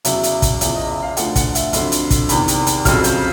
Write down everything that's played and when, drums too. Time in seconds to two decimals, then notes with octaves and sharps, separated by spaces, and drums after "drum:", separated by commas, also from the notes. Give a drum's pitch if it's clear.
0.05 E2 C#3 F#3 E5, drum: hi-hat
0.23 drum: hi-hat
0.42 drum: kick, hi-hat
0.61 E2 C#3 F3 E5, drum: hi-hat
0.75 D#5
0.89 E5
1.02 F5
1.17 D2 D3 F3 F#5, drum: hi-hat
1.36 F#5, drum: kick, hi-hat
1.55 E5, drum: hi-hat
1.73 F2 D3 F#3, drum: hi-hat
1.92 drum: hi-hat
2.10 drum: kick, hi-hat
2.29 E2 C3 D#3 B5, drum: hi-hat
2.48 drum: hi-hat
2.67 drum: hi-hat
2.85 F2 C#3 F#3 F6, drum: kick, hi-hat
3.04 G6, drum: hi-hat